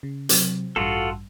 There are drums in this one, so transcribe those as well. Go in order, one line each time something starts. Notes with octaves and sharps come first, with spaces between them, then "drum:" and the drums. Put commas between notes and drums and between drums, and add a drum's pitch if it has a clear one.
C#3
C3 F#3 C4, drum: hi-hat
A1 G2 F4 F#4 A4